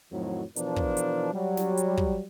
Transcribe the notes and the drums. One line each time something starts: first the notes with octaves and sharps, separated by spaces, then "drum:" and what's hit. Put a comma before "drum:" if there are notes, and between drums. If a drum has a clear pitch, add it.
F2 A2 D#3 F#3
B2 E3 F3 D4 A#4, drum: hi-hat
drum: kick
drum: hi-hat
F#3 G3
drum: snare
drum: hi-hat
drum: kick